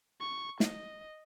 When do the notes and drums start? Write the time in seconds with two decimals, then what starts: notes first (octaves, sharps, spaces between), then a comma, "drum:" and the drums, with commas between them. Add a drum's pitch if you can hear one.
0.21 C#6
0.60 D#5, drum: snare